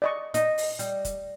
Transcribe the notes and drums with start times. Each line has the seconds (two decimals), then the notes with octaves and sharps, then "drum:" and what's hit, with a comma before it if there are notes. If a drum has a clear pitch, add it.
0.02 D5 D#5 C#6
0.34 D#4, drum: hi-hat
0.58 drum: open hi-hat
0.79 G3, drum: hi-hat
1.05 drum: kick F1, hi-hat